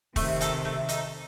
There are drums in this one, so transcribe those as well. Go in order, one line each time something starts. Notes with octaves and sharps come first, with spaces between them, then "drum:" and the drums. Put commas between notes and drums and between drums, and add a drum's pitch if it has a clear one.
C3 D#3 A3, drum: kick F1, open hi-hat
D#4 A4, drum: hi-hat
A3
D#4 A4, drum: hi-hat